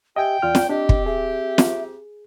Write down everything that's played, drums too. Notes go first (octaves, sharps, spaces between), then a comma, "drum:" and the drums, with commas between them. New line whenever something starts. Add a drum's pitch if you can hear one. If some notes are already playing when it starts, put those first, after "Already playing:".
G4 D#5 E5 G5 G#5
E2 F4 D5 F6
drum: snare
C4 D4 G4 D#5
drum: kick
G#4 E5
drum: snare